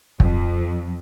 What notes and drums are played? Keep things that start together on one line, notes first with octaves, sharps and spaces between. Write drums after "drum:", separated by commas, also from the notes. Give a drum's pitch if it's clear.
F2, drum: kick